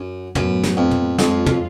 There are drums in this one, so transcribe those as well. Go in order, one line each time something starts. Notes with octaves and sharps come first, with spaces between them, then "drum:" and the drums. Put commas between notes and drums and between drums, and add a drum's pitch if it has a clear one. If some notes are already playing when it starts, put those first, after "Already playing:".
Already playing: F#2
F#2 A2 F#3 B3, drum: tom
drum: snare
F2
drum: tom
F2 F3 G#3 C#4 F4, drum: snare
drum: tom